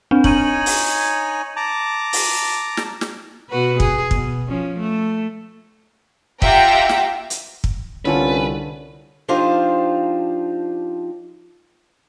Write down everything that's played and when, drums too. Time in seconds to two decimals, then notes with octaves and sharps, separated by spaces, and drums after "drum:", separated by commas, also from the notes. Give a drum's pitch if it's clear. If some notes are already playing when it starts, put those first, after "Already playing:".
0.11 C4 D4
0.24 D#4 C#5 G#5 D#7 F#7, drum: kick
0.66 drum: open hi-hat
1.56 A5 A#5 D6
2.13 drum: open hi-hat
2.77 drum: snare
3.01 drum: snare
3.50 B2 F#4 B4
3.80 G#4, drum: kick
4.11 B2, drum: kick
4.48 F3 C#4
4.79 A3
6.42 F4 G4 E5 F#5 G5 A#5, drum: kick
6.89 drum: snare
7.30 drum: hi-hat
7.64 drum: kick
8.05 C2 D3 C#4 F4 A4 B4
9.28 F3 D4 D#4 F4 G4 C5